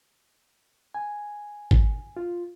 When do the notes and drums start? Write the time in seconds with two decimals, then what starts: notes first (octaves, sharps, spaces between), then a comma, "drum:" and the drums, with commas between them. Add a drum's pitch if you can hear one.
0.94 G#5
1.71 drum: kick G#1
2.17 F4